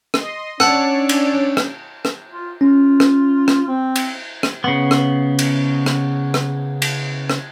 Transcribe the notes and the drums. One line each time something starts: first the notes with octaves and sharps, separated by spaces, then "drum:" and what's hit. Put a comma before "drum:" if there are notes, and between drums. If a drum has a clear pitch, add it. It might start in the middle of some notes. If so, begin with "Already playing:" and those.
D#5 C6, drum: rim click
C#4 D4 C#5 D5 F#5 A5 E6, drum: rim click
drum: cymbal
drum: rim click
drum: rim click
F4
C#4 F4
drum: rim click
drum: rim click
C4
drum: cymbal
drum: rim click
C#3 B3
drum: rim click
drum: cymbal
drum: rim click
drum: rim click
drum: cymbal
drum: rim click